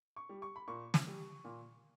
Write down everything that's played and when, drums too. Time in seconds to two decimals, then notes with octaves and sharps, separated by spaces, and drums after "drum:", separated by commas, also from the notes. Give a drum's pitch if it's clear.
0.16 C#6
0.29 G3
0.42 C#6
0.56 B5
0.68 A#2 C#6
0.94 drum: snare
1.07 G3
1.44 A#2